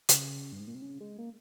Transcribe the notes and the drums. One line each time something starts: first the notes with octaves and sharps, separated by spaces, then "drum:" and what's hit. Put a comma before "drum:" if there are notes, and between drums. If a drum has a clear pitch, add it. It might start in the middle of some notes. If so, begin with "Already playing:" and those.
C#3, drum: hi-hat
G2
G#2
A#2
C3
C#3
G#3
A#3